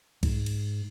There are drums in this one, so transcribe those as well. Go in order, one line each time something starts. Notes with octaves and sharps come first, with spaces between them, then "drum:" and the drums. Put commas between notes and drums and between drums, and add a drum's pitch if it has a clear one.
G#2, drum: kick B1, cymbal
drum: cymbal